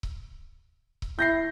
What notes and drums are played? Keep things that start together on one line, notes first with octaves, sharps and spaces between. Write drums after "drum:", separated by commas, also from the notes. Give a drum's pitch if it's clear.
drum: kick C#1
drum: kick C#1
E4 G6 A#6 C7